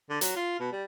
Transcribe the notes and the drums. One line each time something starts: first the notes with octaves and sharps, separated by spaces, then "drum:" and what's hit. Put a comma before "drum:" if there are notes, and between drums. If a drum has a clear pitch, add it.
D3
F#3, drum: hi-hat
F4
B2
G3